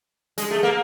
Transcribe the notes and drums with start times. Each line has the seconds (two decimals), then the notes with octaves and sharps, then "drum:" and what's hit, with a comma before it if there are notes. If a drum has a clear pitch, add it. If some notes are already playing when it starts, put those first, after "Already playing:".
0.38 G#3, drum: hi-hat
0.51 A3
0.63 A#3